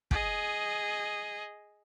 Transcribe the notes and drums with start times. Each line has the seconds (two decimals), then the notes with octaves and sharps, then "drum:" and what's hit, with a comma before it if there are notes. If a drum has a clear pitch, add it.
0.11 G#4 D#5, drum: kick